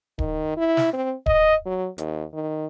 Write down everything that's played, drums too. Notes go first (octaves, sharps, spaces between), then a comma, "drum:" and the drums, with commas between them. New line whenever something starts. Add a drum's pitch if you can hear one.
D#3, drum: kick D1
E4
drum: snare
C4
D#5, drum: kick D1
F#3
D#2, drum: hi-hat
D#3